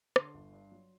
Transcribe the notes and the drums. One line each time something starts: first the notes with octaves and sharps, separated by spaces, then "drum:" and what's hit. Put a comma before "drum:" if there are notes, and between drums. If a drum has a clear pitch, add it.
D3 C6, drum: rim click
G1
G2
F#3